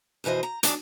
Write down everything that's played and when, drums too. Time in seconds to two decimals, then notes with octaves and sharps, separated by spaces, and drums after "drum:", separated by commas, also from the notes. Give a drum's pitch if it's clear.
0.24 F2 B2 E3 C5 D#5
0.43 A#5
0.63 F#3 G#3 D4, drum: hi-hat